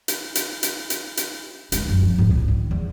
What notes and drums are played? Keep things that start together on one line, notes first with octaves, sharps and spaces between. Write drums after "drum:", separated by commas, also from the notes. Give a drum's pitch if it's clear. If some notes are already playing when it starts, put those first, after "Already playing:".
drum: hi-hat
drum: hi-hat
drum: hi-hat
drum: hi-hat
drum: hi-hat
G#3, drum: hi-hat
F#2
F3
G#2
C#2
D#3
E2